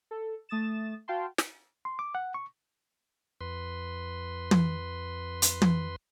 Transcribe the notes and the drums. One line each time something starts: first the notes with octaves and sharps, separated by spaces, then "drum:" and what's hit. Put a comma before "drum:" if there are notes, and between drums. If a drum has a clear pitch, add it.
A4
A3 D#6 A6 E7
F#4 F5 G5 A5 C6
drum: snare
C6
D6
F#5
C#6
F2 B4 C6
drum: tom
drum: hi-hat
drum: tom